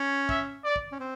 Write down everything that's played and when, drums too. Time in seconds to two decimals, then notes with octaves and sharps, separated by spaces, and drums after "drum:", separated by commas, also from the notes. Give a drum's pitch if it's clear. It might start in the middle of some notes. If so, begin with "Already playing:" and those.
Already playing: C#4
0.29 E5, drum: kick
0.65 D5
0.76 drum: kick
0.92 C#4
1.00 C4